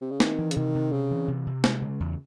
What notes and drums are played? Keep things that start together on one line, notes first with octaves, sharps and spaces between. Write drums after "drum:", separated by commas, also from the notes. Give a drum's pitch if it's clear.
C3
C#3
D#3 C4, drum: snare
E3
C#3, drum: hi-hat
C3 D#3
C3
C#3 C4
E3
C3
C3
G#3, drum: snare
C#3
E2